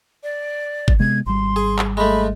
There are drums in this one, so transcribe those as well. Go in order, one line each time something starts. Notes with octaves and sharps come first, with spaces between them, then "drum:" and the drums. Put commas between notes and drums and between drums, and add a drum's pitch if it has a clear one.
D5
drum: kick G1
C3 G#3 B3 G#6
G#1 G3 C6
G#4
drum: clap
G#3 A3 B5